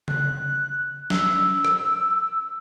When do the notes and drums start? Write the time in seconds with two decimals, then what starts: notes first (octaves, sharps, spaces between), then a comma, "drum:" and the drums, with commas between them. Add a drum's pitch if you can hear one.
0.08 F#6, drum: tom C#3
1.10 E6, drum: snare
1.65 drum: rim click